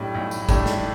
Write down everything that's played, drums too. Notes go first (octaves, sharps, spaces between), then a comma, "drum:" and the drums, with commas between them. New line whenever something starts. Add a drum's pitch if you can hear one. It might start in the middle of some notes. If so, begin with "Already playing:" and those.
Already playing: B1 A2 G3 D4
B1
drum: tambourine
A2 G3 D4, drum: kick G#1, tambourine
drum: snare